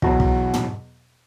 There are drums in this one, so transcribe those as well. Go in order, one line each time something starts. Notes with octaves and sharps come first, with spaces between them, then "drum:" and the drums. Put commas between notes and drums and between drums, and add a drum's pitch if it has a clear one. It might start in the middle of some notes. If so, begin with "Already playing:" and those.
E2 B2 F#3 F#4, drum: kick
drum: kick
drum: tom